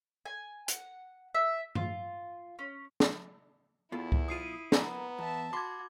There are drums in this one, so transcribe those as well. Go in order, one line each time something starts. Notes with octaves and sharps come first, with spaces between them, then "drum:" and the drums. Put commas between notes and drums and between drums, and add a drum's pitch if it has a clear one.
G#5
F#5, drum: hi-hat
E5
F4, drum: tom G2
C#4
drum: snare
E2 B3 E4 F4 A4
drum: kick C#2
B1 F4 D#6 C7 D#7
B3 A#4 B4 A#5, drum: snare
E2 E5 A5
F#4 B5 C6 D6 G#6